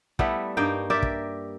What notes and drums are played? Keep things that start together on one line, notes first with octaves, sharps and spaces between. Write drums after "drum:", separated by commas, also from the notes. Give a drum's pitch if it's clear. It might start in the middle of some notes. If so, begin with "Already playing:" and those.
G3 A3 B3 E4, drum: kick
G2 A#3 D#4 G5
G4 A#4 D5 E5
drum: kick